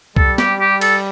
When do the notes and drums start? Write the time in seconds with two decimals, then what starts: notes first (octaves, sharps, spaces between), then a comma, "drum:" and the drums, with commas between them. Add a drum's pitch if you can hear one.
0.16 G3 A4, drum: kick C2
0.38 G4, drum: snare B3
0.60 G4
0.81 A4, drum: cymbal